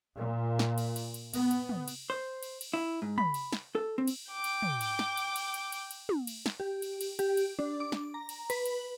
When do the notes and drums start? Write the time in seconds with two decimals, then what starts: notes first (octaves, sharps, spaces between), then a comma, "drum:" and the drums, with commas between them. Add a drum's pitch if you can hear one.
0.16 A#2
0.59 drum: snare
0.78 drum: cymbal
0.96 drum: cymbal
1.14 drum: cymbal
1.34 B3, drum: cymbal
1.51 drum: cymbal
1.69 drum: tom
1.88 drum: cymbal
2.10 C5
2.43 drum: cymbal
2.61 drum: cymbal
2.73 E4
3.02 G#2
3.18 B5, drum: tom
3.34 drum: cymbal
3.53 drum: snare
3.75 A4
3.98 C4
4.07 drum: cymbal
4.31 G5 D6
4.44 drum: cymbal
4.62 drum: tom
4.81 drum: cymbal
4.99 drum: snare
5.17 drum: cymbal
5.36 drum: cymbal
5.54 drum: cymbal
5.72 drum: cymbal
5.91 drum: cymbal
6.09 drum: tom
6.27 drum: cymbal
6.46 drum: snare
6.60 G4
6.82 drum: cymbal
7.01 drum: cymbal
7.19 G4, drum: cymbal
7.37 drum: cymbal
7.59 D4
7.80 D6
7.92 drum: snare
8.14 A#5
8.29 drum: cymbal
8.50 B4, drum: cymbal
8.66 drum: cymbal